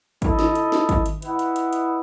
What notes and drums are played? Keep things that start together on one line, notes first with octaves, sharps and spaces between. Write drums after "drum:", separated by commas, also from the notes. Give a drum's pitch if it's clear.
E4 A4 D#5, drum: kick, hi-hat
drum: snare
drum: hi-hat
drum: snare
drum: kick, hi-hat
drum: hi-hat
E4 B4 D#5 F#5, drum: hi-hat
drum: hi-hat
drum: hi-hat
drum: hi-hat